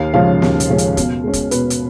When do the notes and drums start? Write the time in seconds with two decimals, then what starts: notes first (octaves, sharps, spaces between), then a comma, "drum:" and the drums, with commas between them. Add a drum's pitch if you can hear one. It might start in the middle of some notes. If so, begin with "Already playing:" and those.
Already playing: D#2 F5
0.14 C#3 F3 G#3 C#4 F5
0.42 D#2, drum: snare
0.60 drum: hi-hat
0.69 C#3 F3 G#3 C#4
0.78 drum: hi-hat
0.97 B2, drum: kick F1, hi-hat
1.24 G#3 C#4
1.33 drum: kick F1, hi-hat
1.51 B2 B4, drum: hi-hat
1.70 drum: hi-hat